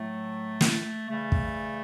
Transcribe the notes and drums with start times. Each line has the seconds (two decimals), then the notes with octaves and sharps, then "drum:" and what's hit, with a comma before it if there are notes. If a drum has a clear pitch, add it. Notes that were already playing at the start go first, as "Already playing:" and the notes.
Already playing: A2 F#3 A3
0.61 drum: snare
1.08 C#3 E3 G3 A3
1.32 drum: kick